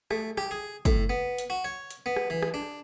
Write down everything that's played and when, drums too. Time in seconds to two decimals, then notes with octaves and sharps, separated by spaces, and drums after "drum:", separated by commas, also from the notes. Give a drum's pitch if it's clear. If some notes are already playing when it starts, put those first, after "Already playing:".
0.11 A3, drum: rim click
0.38 G4, drum: rim click
0.51 G#4
0.85 A2, drum: kick, hi-hat
1.09 B3
1.38 drum: hi-hat
1.50 F#4
1.64 C#5
1.90 drum: hi-hat
2.06 B3
2.16 drum: rim click
2.30 E3
2.42 drum: rim click
2.54 D4